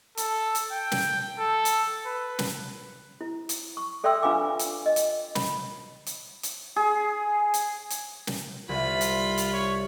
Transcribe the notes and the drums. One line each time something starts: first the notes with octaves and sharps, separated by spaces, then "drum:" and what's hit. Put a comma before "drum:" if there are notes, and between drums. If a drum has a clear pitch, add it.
A4, drum: hi-hat
drum: hi-hat
G5
drum: snare
A4
drum: hi-hat
B4
drum: snare
E4
drum: hi-hat
C#6
A4 D5 E5 G5 C6 E6
D4 F4 B4 F5 G#5 D6
drum: hi-hat
D#5
drum: hi-hat
B5, drum: snare
drum: hi-hat
drum: hi-hat
G#4
drum: hi-hat
drum: hi-hat
drum: snare
C2 F4 B5
drum: hi-hat
drum: hi-hat
C#5